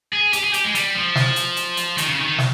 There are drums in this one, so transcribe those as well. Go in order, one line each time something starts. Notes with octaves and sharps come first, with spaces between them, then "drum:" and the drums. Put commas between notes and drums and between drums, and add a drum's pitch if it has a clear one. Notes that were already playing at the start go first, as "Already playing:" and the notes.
G#4
G4, drum: hi-hat
G#4
G4, drum: hi-hat
G#3
G3, drum: hi-hat
F3
drum: snare
drum: hi-hat
drum: hi-hat
drum: hi-hat
D#3, drum: hi-hat
C#3
D#3
D#3
drum: snare